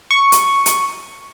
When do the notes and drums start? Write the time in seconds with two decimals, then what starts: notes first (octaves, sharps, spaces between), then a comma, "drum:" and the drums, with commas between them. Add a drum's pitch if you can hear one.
0.11 C#6
0.32 drum: hi-hat
0.66 drum: hi-hat